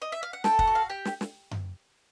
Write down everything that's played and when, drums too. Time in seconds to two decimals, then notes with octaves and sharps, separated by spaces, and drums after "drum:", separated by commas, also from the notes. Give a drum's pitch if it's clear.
0.02 D#5
0.12 E5
0.23 F5
0.33 F#5
0.44 A4 G5, drum: snare
0.59 F#5, drum: kick
0.67 F#4
0.75 F5
0.90 G4 G5
1.05 drum: snare
1.21 drum: snare
1.51 drum: tom F#2